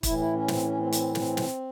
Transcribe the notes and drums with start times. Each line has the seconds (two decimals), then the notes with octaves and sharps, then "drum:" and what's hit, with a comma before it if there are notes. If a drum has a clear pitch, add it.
0.03 A2 E3 E4, drum: kick, hi-hat
0.19 E4
0.33 C#4
0.48 C4, drum: snare
0.63 C#4
0.78 C4
0.87 A3
0.92 C4, drum: hi-hat
1.15 C4, drum: snare
1.37 drum: snare